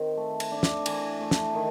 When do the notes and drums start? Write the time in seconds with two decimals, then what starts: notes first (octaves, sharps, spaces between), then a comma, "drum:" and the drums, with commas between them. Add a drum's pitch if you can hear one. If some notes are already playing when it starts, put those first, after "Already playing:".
Already playing: D#3 C4
0.17 A3
0.40 drum: cymbal
0.51 D4
0.63 drum: snare
0.86 E3, drum: cymbal
1.20 A3
1.31 drum: snare
1.54 D#3